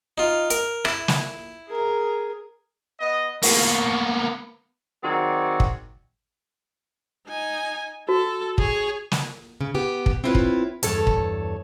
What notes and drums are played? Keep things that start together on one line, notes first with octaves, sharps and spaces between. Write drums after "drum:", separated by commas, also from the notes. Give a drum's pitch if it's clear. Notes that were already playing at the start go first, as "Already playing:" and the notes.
D#4 F4
A#4, drum: hi-hat
E4, drum: rim click
drum: snare
G#4 A#4
B3 D#5
A#3 B3 A#4 A5 C#6, drum: open hi-hat
D#3 F#3 C4 F#4 G#4 D5
drum: kick
D#4 G#5
F#4 A4
G#4 C#5, drum: kick
drum: snare
C#3
B3 G4
drum: kick
C4 E4 F4 G#4 B4 C#5
drum: kick
E2 G2 E3 A4 C#5 A5, drum: hi-hat
drum: kick